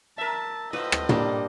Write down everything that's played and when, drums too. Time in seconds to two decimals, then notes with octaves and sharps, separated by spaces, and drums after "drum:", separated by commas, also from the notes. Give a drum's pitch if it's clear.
0.18 A#4 E5 A5
0.73 A2 F4 B4 C5 D#5
0.92 drum: rim click
1.09 G3 A#3 D4, drum: tom